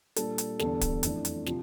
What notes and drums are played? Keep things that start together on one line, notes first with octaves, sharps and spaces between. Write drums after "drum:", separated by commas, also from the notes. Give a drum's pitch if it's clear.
A#2 G3 D4 A4, drum: hi-hat
drum: hi-hat
E2 D3 G3 D4 A4, drum: snare
drum: kick D1, hi-hat
F2 E3 A3 D4, drum: hi-hat
drum: hi-hat
C3 F3, drum: snare